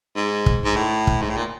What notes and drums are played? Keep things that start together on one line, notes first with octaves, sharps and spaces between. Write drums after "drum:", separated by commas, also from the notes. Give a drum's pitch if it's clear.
G#2
drum: kick
G#2
A2
drum: kick
G#2
A2
A#2